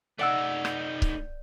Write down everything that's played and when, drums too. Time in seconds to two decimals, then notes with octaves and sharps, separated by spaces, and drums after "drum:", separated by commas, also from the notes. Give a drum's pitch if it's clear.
0.19 A3 D#4 D5 F#5 E6
0.65 G6, drum: rim click
1.02 drum: kick C#1